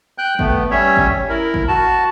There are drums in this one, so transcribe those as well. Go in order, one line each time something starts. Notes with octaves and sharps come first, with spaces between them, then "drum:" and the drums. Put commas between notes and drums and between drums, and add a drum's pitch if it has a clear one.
G5 F#6 G6
A3 B3, drum: kick G1
G3 C#4 C#5 E5
drum: kick G1
E4 A#4
drum: kick G1
F#4 A5